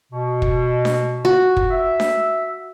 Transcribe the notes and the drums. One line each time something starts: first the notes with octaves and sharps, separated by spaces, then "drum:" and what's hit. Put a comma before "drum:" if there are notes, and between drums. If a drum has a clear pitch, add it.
B2
drum: kick
drum: snare D4
F#4
drum: kick
E5
drum: snare D4